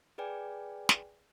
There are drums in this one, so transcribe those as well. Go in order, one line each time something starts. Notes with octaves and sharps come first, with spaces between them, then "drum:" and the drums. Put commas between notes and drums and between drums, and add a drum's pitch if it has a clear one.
G#4 B4 D5 G5 G#5
drum: snare